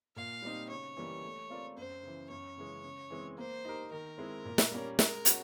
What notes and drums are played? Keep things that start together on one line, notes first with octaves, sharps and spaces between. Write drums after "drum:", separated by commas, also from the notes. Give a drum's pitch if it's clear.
A#2 F5
G3 C4 D#4
C#3 C#5
E3 G3 A#3
A3
C4 F4 A#4 D5
F#2 C5
C#3 E3
F#2 C#5
C#3 E3 G#3
C#3
E3 G#3 C4
A#3 C5
D#4 G4 A#4
D#3 A#4
G#3 C4 E4
A#2
drum: snare
G3 A#3 C#4
G#3 A#4, drum: snare
C#4 F#4, drum: hi-hat